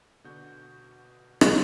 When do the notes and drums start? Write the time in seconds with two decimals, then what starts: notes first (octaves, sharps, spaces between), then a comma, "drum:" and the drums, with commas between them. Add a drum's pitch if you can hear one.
0.24 B2 D3 F#4 G6
1.41 drum: rim click